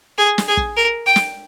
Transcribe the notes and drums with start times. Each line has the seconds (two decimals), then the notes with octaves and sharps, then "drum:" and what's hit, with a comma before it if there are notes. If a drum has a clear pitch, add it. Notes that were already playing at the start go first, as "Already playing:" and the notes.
0.18 G#4
0.38 drum: snare
0.48 G#4
0.57 drum: kick
0.77 A#4
1.06 G5
1.16 drum: snare